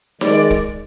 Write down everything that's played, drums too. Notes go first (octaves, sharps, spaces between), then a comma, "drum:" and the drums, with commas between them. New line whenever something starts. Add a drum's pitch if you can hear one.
D#3 G#3 D5, drum: snare D#4
drum: kick